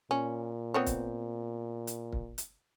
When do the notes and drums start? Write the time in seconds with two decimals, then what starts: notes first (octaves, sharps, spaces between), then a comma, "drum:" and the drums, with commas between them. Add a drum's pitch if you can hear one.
0.11 A#2 C#4
0.74 B3 C4 C#5
0.86 drum: kick, hi-hat
1.87 drum: hi-hat
2.13 drum: kick
2.38 drum: hi-hat